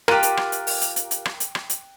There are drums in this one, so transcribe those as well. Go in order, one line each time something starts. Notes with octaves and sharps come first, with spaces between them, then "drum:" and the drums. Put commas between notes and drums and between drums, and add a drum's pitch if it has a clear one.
F4 G4 A#4 G5 F#6 D#7, drum: rim click
drum: hi-hat
drum: rim click
drum: hi-hat
drum: open hi-hat
drum: hi-hat
drum: hi-hat
drum: hi-hat
drum: rim click
drum: hi-hat
drum: rim click
drum: hi-hat